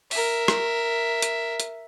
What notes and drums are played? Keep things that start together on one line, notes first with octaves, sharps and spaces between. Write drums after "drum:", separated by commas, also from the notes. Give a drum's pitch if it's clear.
A#4 E5, drum: open hi-hat
drum: rim click
drum: hi-hat
drum: hi-hat